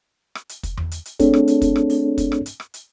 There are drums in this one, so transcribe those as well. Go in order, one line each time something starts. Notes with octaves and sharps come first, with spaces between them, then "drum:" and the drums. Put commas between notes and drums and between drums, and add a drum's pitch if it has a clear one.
drum: rim click
drum: hi-hat
drum: kick, hi-hat
drum: tom E2
drum: hi-hat
drum: hi-hat
A3 C4 D4 G#4 A4 C#5, drum: kick, hi-hat
drum: rim click
drum: hi-hat
drum: kick, hi-hat
drum: rim click
drum: open hi-hat
drum: kick, hi-hat
drum: rim click
drum: hi-hat
drum: rim click
drum: hi-hat